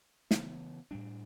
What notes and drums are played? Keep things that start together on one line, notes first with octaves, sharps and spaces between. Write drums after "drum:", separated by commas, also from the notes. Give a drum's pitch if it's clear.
C#3 E3 B3, drum: snare
A2 G3 D4